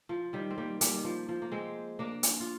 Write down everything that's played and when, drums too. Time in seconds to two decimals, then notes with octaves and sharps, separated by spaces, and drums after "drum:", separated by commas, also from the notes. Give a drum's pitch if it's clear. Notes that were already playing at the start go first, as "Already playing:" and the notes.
0.09 F3
0.33 D#3 G3
0.50 C4
0.58 G3 A#3
0.81 G3 A#3, drum: hi-hat
0.94 D#3
1.04 F3
1.29 F3
1.42 A#3
1.52 G#3 C4
1.99 A#3 D4
2.23 drum: hi-hat
2.40 F4